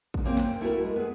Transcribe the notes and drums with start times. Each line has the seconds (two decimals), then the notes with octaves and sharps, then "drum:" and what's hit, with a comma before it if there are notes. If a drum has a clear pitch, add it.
0.14 drum: kick
0.24 C#3 A#3 C4
0.38 G5, drum: clap
0.61 A3 E4 F#4 A#4
0.83 G#3
0.96 B3 G#4